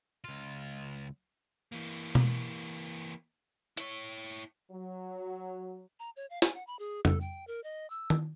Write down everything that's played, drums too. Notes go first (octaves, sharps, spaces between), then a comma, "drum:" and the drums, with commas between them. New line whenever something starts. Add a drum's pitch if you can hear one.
C#2 F4
E3 A#3
drum: tom B2
E4 C#5, drum: hi-hat
F#3
A#5
C#5
F5
G#5, drum: snare
F#5
B5
G#4
A4, drum: tom F2
G5
A#4
D#5
E6
drum: tom D#3